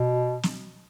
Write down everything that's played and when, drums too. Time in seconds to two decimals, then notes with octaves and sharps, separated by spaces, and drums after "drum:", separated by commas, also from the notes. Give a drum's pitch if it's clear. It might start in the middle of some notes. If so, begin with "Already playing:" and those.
Already playing: B2
0.43 drum: snare